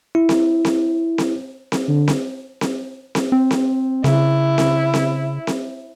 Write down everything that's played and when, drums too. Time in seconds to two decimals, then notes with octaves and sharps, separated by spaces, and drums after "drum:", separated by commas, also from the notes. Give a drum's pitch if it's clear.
0.15 E4
0.29 drum: snare C4
0.65 drum: snare C4
1.18 drum: snare C4
1.72 drum: snare C4
1.88 D3
2.08 drum: snare C4
2.61 drum: snare C4
3.15 drum: snare C4
3.32 C4
3.51 drum: snare C4
4.04 C#3 E4, drum: snare C4
4.58 drum: snare C4
4.94 drum: snare C4
5.47 drum: snare C4